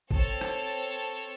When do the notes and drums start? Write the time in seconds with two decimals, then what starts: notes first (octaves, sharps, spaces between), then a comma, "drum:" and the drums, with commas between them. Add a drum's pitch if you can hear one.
0.11 C4 A4 C#5 A5, drum: kick
0.41 drum: rim click